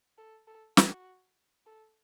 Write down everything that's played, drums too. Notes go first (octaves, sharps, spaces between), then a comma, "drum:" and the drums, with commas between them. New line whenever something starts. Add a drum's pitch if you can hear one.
A4
A4
F#4, drum: snare
A4